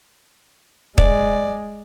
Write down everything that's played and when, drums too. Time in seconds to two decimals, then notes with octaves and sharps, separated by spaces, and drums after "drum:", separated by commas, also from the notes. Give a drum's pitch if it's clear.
0.98 G#3 D5, drum: kick